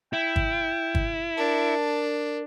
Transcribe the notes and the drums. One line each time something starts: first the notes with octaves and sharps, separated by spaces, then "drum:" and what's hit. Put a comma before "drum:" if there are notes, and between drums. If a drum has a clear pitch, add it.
E4 G5
drum: kick
drum: kick
D4 A#4 A5